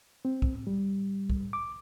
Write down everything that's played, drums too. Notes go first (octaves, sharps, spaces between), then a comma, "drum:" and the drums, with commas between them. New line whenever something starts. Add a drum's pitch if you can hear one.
C4
drum: kick
G3
drum: kick
D6